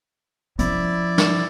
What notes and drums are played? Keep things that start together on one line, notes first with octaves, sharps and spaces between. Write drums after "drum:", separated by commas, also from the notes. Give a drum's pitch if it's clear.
F3 C#4 E4 D5, drum: hi-hat
drum: snare